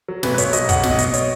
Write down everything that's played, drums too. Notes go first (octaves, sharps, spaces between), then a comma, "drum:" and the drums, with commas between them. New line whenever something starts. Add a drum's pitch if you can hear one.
F#3
B1 B4, drum: snare
B4
B1 C#5, drum: hi-hat
F#3 D#5, drum: hi-hat
B1 F#5, drum: kick, hi-hat
B2, drum: snare
D#5
B2, drum: hi-hat
D#5
C#5, drum: hi-hat